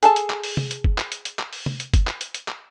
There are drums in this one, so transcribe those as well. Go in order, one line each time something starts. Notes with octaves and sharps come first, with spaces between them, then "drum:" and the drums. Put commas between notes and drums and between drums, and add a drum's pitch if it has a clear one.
G#4 A4 A5, drum: hi-hat
drum: hi-hat
drum: clap
drum: open hi-hat
drum: tom
drum: hi-hat
drum: kick
drum: clap
drum: hi-hat
drum: hi-hat
drum: clap
drum: open hi-hat
drum: tom
drum: hi-hat
drum: kick, hi-hat
drum: clap
drum: hi-hat
drum: hi-hat
drum: clap